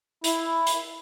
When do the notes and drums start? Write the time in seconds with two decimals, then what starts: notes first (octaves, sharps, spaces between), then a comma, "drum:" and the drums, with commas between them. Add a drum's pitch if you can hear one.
0.24 E4, drum: hi-hat
0.67 drum: hi-hat